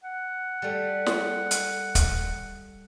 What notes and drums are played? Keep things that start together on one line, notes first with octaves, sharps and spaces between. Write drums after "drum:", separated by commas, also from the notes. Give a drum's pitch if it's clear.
F#5
G3 A3
drum: snare
drum: hi-hat
drum: kick, hi-hat